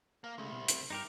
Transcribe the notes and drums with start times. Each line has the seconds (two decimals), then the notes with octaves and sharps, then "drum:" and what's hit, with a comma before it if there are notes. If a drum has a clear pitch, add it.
0.24 A#3
0.38 C2 C#3 G#3 A3
0.52 B2
0.68 C3 C4, drum: hi-hat
0.90 G2 D#4 G4 A#4